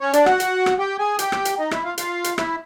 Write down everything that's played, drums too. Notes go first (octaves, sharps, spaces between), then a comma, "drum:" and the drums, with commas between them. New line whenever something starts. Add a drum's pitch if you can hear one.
C#4 C#5
D4 D5, drum: hi-hat
F#4 F#5, drum: rim click
drum: hi-hat
drum: rim click
G4 G5
G#4 G#5
G4 G5, drum: hi-hat
drum: rim click
drum: hi-hat
D#4 D#5
E4 E5, drum: rim click
F4 F5
F4 F5, drum: hi-hat
drum: hi-hat
E4 E5, drum: rim click